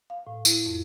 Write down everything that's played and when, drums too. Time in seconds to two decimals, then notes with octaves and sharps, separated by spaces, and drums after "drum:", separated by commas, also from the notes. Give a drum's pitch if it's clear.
0.10 F5
0.27 A2
0.45 E4, drum: tambourine
0.66 F2